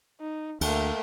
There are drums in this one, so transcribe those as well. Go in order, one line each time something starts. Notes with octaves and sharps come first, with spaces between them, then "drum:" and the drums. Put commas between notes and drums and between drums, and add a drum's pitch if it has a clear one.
D#4
D2 A3 A#3, drum: cymbal